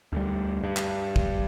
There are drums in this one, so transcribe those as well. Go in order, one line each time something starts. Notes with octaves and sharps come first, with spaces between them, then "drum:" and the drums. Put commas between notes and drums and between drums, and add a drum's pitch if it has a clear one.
D2 G3
G2
drum: clap
drum: kick